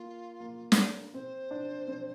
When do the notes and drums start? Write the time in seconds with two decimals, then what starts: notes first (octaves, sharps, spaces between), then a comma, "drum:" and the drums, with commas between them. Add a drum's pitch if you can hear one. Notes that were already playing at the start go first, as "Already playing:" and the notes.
Already playing: A#3 F4
0.40 A#3
0.72 drum: snare
1.14 C4 C5
1.51 D4
1.88 C4